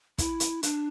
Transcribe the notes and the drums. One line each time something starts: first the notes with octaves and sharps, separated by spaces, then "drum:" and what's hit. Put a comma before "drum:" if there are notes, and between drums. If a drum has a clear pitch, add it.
E4, drum: kick, hi-hat
drum: hi-hat
D4, drum: hi-hat